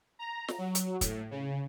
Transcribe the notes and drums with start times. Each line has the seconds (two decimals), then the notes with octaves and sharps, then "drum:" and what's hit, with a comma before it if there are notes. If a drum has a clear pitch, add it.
0.19 A#5
0.48 drum: snare
0.58 F#3
0.75 drum: hi-hat
1.01 A2, drum: kick, hi-hat
1.31 C#3